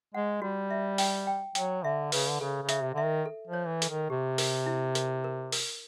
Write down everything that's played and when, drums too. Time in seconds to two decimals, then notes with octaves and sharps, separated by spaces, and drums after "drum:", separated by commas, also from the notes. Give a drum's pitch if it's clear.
0.14 G#3 F#5
0.42 G3 F#4
0.71 E5
0.98 G5, drum: open hi-hat
1.27 G5
1.55 F#3 G5, drum: hi-hat
1.84 D3 E5
2.12 C#3 B4, drum: open hi-hat
2.30 D3
2.41 C#3 A4
2.62 C#3
2.69 E5, drum: hi-hat
2.83 C3
2.94 D3 E5
3.05 D#3
3.26 A4
3.47 F3
3.53 C#5
3.67 E3
3.82 A4, drum: hi-hat
3.89 D#3
4.10 C3 G4
4.38 A#4, drum: open hi-hat
4.67 E4
4.95 A#4, drum: hi-hat
5.24 A#4
5.52 A#4, drum: open hi-hat